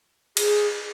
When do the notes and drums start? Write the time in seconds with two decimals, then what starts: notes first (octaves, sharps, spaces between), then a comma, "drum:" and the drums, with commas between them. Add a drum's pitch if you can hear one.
0.37 G#4, drum: cymbal